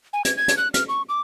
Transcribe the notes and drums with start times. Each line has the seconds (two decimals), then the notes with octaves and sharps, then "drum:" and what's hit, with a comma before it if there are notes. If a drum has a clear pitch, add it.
0.13 G#5
0.25 G#6, drum: hi-hat
0.37 G#6
0.48 drum: hi-hat
0.58 F#6
0.74 F6, drum: hi-hat
0.89 C#6
1.09 D6